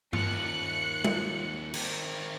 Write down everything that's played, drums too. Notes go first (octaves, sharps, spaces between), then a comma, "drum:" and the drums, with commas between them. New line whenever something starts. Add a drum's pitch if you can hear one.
D#2 F4 F#6 C#7, drum: tom G2
drum: tom G3
D#3 C4, drum: cymbal